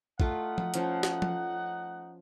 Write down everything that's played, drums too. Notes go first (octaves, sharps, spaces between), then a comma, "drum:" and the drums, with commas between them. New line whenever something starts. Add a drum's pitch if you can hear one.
A3 D#4 F4 F#5, drum: kick
drum: tom F3
F3 C#4 C5, drum: hi-hat
drum: snare
drum: tom F3